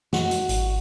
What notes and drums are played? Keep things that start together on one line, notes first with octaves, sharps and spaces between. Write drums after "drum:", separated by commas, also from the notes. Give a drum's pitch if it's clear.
F#4, drum: snare
drum: hi-hat
G#1, drum: hi-hat